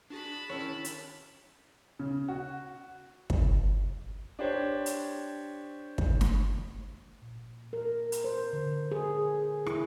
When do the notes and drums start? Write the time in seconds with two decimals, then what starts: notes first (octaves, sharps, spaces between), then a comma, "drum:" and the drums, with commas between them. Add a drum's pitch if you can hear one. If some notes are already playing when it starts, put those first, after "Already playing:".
0.10 D4 F#4 G#4 A5 B5
0.49 D#3 C#4 D4 E4 A#4 C#5
0.85 drum: hi-hat
1.99 C#3
2.28 F#4
3.30 drum: kick
4.39 D4 G4 C5 C#5
4.86 drum: hi-hat
5.98 drum: kick
6.21 drum: snare
7.22 A#2
7.73 A#4
8.12 drum: hi-hat
8.24 C5
8.53 D3
8.92 G#4
9.66 E4, drum: rim click